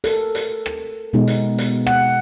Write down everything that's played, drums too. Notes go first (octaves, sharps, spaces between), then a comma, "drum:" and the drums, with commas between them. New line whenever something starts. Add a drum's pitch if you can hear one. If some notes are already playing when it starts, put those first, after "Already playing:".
A4 A#4, drum: hi-hat
drum: hi-hat
drum: rim click
B2 G#3 B3 D#4
drum: hi-hat
drum: hi-hat
F#5, drum: rim click